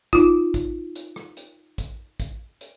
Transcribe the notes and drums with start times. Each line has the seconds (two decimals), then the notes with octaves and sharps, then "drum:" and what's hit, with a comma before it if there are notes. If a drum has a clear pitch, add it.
0.13 D#4 F4, drum: kick, hi-hat
0.54 drum: kick, hi-hat
0.96 drum: hi-hat
1.16 drum: rim click
1.37 drum: hi-hat
1.78 drum: kick, hi-hat
2.20 drum: kick, hi-hat
2.61 drum: hi-hat